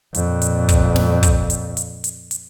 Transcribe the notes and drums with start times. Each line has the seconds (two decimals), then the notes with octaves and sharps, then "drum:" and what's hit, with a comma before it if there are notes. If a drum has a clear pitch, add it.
0.14 F2 A#2, drum: hi-hat
0.42 drum: hi-hat
0.69 drum: kick, hi-hat
0.96 drum: snare
1.23 drum: kick, hi-hat
1.50 drum: hi-hat
1.77 drum: hi-hat
2.04 drum: hi-hat
2.31 drum: hi-hat